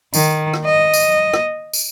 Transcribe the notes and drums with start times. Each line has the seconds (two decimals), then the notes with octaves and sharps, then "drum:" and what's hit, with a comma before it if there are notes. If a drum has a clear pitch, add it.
0.14 D#3, drum: tambourine
0.54 drum: rim click
0.65 D#5
0.94 drum: tambourine
1.34 drum: rim click
1.73 drum: tambourine